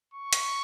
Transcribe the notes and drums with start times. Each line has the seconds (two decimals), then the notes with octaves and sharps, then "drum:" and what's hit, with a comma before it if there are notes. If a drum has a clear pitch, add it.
0.14 C#6
0.33 drum: hi-hat